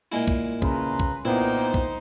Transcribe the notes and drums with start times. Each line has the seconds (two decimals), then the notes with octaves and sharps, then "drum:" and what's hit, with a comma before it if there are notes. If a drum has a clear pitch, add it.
0.12 A#2 G#3 E4
0.27 drum: kick
0.62 C#3 B4 A#5 C6, drum: kick
1.00 drum: kick
1.25 A#2 A#3 B3 D#4 E4 C5 G5
1.74 drum: kick